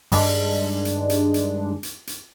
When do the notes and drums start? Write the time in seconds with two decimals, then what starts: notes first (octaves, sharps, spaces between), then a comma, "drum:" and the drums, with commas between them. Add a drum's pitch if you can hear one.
0.12 G2 D#3 G#3 D4, drum: open hi-hat
0.85 drum: hi-hat
1.10 drum: hi-hat
1.34 drum: hi-hat
1.83 drum: hi-hat
2.07 drum: hi-hat